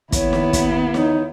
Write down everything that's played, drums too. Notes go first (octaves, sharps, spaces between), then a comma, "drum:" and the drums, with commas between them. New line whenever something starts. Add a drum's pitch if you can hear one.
D#2 B3 E4 C#5, drum: kick, hi-hat
drum: snare
drum: kick, hi-hat
D#4 C#5, drum: snare